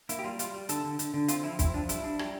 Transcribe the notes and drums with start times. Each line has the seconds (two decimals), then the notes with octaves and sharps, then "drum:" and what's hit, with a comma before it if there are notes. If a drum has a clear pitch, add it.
0.09 A#3 E4, drum: hi-hat
0.19 G4
0.24 G3 F4
0.39 G3 F4, drum: hi-hat
0.54 G3
0.69 D3 A4, drum: hi-hat
0.84 D3
0.99 D3, drum: hi-hat
1.14 D3
1.28 C4 F4, drum: hi-hat
1.43 F3 E4
1.59 C4 E4, drum: kick, hi-hat
1.74 F3 D4
1.89 G3 E4, drum: hi-hat
2.04 D4
2.19 G3, drum: rim click